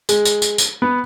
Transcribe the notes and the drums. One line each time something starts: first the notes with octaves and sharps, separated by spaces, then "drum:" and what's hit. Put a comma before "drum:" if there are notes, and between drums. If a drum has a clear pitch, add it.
G#3, drum: tambourine
drum: tambourine
drum: tambourine
drum: tambourine
B3